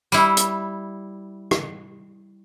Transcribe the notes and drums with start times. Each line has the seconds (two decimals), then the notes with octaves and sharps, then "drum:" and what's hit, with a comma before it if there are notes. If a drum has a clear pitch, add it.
0.12 G3 E4, drum: tambourine
0.37 drum: hi-hat
1.51 drum: rim click